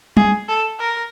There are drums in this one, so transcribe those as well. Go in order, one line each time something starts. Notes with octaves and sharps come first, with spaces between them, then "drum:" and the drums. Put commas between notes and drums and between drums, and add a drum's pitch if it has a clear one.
G#4, drum: tom
A4
A#4